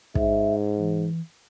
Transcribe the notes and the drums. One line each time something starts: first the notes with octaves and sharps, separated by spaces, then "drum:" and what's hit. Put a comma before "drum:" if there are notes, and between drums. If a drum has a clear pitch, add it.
G#2 E5, drum: kick
E3